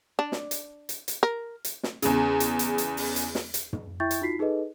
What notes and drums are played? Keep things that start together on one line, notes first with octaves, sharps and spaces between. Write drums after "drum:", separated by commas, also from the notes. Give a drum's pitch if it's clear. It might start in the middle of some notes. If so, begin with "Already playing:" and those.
D4
drum: snare
drum: hi-hat
drum: hi-hat
drum: hi-hat
A#4
drum: hi-hat
drum: snare
E2 C#3, drum: hi-hat
drum: hi-hat
drum: hi-hat
drum: hi-hat
drum: open hi-hat
drum: hi-hat
drum: snare
drum: hi-hat
drum: tom
E4 E5 G5 C#6 G6 A6
drum: hi-hat
D#4 F4 F#4 B6 C7
D#4 G#4 A4 B4 D#5